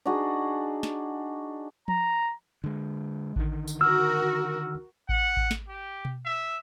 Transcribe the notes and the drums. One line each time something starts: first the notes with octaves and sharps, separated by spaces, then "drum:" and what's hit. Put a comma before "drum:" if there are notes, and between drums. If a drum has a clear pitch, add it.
D4 D#4 F#4 G#4
drum: snare
A#5, drum: tom F3
D3 G#3
D3 D#3, drum: kick A1
drum: tambourine
F#4 A#4 E6 F6
F#5, drum: kick A1
drum: kick A1
drum: snare
G4
drum: tom B2
E5